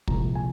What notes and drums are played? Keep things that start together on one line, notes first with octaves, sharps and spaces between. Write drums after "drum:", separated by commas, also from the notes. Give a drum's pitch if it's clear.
C2 A#2 F3 G#3 A#5, drum: kick
G#5